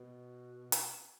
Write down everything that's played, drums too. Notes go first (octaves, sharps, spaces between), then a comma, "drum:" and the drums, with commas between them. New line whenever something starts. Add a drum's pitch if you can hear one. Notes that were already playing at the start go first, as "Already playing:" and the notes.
Already playing: B2
drum: hi-hat